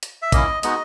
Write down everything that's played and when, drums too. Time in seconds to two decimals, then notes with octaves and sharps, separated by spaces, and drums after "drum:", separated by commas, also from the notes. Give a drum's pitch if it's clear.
0.03 drum: hi-hat
0.22 E5
0.32 A#3 C#4 E4 D#5, drum: kick, hi-hat
0.63 G#3 B3 D#4 F#4 D#5, drum: hi-hat